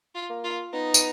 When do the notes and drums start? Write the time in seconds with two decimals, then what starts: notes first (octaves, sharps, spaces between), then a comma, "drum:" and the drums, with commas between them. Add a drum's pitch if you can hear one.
0.15 F4
0.30 A#3
0.44 F4
0.73 B3 D#4
0.94 drum: tambourine